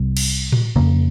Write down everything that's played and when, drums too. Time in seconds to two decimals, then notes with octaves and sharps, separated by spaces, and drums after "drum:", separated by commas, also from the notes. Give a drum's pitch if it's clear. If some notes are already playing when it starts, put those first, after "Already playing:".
Already playing: C2 C3 G3
0.17 drum: cymbal
0.52 drum: tom A2
0.76 F2 C#3 A#3